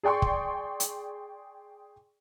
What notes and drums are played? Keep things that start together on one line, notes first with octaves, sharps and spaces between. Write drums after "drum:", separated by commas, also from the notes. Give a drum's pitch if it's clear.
G#4 D5 G5 C6 C#6
drum: kick
drum: hi-hat